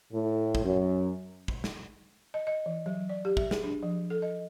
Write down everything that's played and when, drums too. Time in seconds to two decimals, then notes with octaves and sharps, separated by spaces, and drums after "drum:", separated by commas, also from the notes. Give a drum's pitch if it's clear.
0.13 A2
0.55 drum: kick
0.65 F#2
1.48 drum: kick
1.64 drum: snare
2.34 D#5
2.47 D#5
2.66 E3
2.86 F#3
3.09 D5
3.25 G4
3.37 E5, drum: kick
3.51 G#4, drum: snare
3.64 D4
3.83 F3
4.10 A4
4.22 D#5